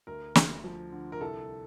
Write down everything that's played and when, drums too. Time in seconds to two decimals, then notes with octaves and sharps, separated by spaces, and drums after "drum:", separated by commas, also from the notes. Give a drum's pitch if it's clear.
0.07 D2 A#4
0.35 D2, drum: snare
0.64 F3
0.92 D3
1.12 A#4
1.21 C2 A4